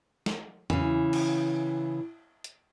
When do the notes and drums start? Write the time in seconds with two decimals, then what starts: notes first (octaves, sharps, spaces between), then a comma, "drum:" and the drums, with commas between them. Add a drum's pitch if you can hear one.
0.26 drum: snare
0.70 C#3 E3, drum: tom E2
1.13 drum: cymbal
2.44 drum: hi-hat